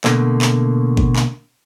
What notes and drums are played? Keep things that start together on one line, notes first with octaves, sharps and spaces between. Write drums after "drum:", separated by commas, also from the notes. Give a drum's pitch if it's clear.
B2 D3 A3 A#3, drum: clap
drum: clap
drum: kick G#1
drum: clap